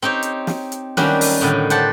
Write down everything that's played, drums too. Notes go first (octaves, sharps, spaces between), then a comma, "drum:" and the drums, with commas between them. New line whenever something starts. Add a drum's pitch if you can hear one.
C4 D#4 G4 C#5
drum: hi-hat
drum: snare
drum: hi-hat
D#3 F#3 G3 A#3 C#4 D4, drum: snare
drum: open hi-hat
A2 D3 D#3
G4 C5 F#5 A5, drum: hi-hat